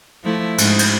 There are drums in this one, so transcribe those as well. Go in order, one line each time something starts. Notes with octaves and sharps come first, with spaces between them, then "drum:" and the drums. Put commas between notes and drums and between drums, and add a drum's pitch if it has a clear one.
F3 A3 E4
G#2, drum: cymbal
drum: cymbal